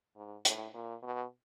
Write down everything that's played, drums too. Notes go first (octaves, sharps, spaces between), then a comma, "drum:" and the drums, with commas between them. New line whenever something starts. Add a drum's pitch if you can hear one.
G#2
A2, drum: hi-hat
A#2
B2